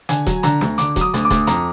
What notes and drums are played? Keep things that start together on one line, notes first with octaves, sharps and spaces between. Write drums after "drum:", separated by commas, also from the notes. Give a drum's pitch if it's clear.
D3 G#5, drum: hi-hat
F#3, drum: kick D#1, hi-hat
D3 A#5, drum: hi-hat
D2, drum: snare
D3 D6, drum: hi-hat
F#3, drum: kick D#1, hi-hat
D#6
D2, drum: hi-hat
D6
D2, drum: kick D#1, hi-hat
F2 A#5, drum: hi-hat